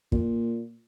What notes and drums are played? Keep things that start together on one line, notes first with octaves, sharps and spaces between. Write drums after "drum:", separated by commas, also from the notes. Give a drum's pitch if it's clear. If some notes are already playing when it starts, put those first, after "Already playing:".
A#2, drum: kick